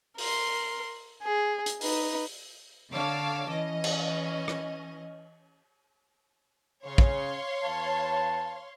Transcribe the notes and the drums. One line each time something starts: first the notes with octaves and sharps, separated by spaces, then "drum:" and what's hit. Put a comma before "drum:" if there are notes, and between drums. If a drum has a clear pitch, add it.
A#4 C6, drum: open hi-hat
G#4
drum: hi-hat
D#4 B4, drum: open hi-hat
D3 C#5 F5 A5 D6 E6
E3 C#4 D#5
drum: cymbal
drum: rim click
C#3 C#5 F5 C6
drum: kick
E2 B4 A5